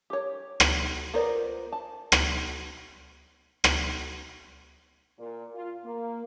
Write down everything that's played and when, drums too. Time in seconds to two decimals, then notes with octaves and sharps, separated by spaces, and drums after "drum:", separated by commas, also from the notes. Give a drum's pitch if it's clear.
0.10 G4 C#5
0.60 drum: rim click
1.14 B3 F4 A#4 C5 D5
1.73 A5
2.12 drum: rim click
3.64 drum: rim click
5.19 A#2
5.54 F4
5.84 A#3